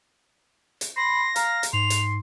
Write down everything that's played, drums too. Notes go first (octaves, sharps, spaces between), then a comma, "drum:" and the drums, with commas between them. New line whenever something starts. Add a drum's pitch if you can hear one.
drum: hi-hat
B5 C6 A#6
F5 A#5, drum: hi-hat
drum: hi-hat
G#2 C6 F7
drum: hi-hat